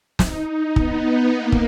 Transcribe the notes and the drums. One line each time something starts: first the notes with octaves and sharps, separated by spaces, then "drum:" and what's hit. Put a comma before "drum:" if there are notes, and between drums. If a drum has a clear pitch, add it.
D#4, drum: snare
B3, drum: kick
A#3
drum: kick